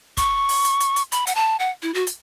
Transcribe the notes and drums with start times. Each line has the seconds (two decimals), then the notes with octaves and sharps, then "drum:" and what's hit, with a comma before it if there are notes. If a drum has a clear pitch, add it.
0.17 C#6, drum: kick, hi-hat
0.49 drum: open hi-hat
0.65 drum: hi-hat
0.80 drum: hi-hat
0.96 drum: hi-hat
1.12 B5, drum: hi-hat
1.27 F#5, drum: hi-hat
1.35 A5
1.60 F#5
1.82 E4
1.94 F#4
2.07 drum: hi-hat